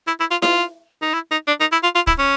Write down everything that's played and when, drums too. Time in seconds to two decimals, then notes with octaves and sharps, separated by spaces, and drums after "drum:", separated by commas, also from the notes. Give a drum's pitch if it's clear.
0.07 E4
0.20 E4
0.31 F4
0.42 F4, drum: snare E4
1.02 D#4
1.14 E4
1.31 D#4
1.48 D4
1.60 D#4
1.72 E4
1.83 F4
1.95 F4
2.07 E4, drum: kick
2.19 C#4